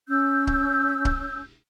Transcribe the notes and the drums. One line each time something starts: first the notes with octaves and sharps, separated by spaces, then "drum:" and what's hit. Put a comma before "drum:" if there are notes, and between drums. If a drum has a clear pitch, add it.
C#4 E6 G6
drum: kick C#1
drum: kick C#1